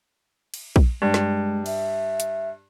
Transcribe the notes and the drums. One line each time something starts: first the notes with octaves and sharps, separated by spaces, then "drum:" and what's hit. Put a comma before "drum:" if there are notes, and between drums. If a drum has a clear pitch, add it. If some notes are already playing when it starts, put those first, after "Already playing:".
drum: cymbal
drum: kick A#1
G2 G#3
drum: snare
E5, drum: cymbal
drum: hi-hat